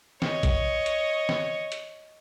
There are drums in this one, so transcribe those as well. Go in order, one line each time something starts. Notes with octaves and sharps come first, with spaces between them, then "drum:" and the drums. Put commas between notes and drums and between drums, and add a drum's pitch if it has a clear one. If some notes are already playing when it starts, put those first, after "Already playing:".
C#5 D#5, drum: snare
drum: kick, hi-hat
drum: hi-hat
drum: snare
drum: hi-hat